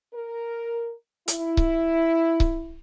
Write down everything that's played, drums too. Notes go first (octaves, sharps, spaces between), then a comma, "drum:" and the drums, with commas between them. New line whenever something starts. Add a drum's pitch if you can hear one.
A#4
E4, drum: hi-hat
drum: kick C#1
drum: kick C#1